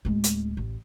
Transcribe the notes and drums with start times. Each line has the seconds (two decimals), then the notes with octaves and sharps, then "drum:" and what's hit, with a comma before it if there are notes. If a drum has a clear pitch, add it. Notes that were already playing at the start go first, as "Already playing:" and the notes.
0.05 D1 G#3
0.24 drum: hi-hat
0.57 A1